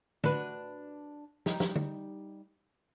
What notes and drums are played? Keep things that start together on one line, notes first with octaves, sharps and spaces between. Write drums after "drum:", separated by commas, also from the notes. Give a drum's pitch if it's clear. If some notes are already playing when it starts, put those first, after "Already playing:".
D4 F#4 B4, drum: tom
G3 D#4, drum: snare
drum: snare
drum: tom